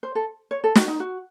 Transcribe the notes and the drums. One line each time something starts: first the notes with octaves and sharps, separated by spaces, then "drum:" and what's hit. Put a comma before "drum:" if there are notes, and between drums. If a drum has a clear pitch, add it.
C5
A4
C#5
A4
F#4, drum: snare
D#4
F#4